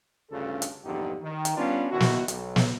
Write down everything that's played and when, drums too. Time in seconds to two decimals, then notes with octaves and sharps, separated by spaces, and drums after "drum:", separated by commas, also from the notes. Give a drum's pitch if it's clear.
0.31 D2 G2 C#3 F4 A4
0.62 drum: hi-hat
0.84 A#1 E2 G2 D3 D#4 G4
1.22 D#3
1.45 drum: hi-hat
1.56 G3 B3 C#4 D4 F4
1.91 D#2 B2 D#3 E4 F#4
2.00 drum: snare
2.28 B1, drum: hi-hat
2.56 drum: snare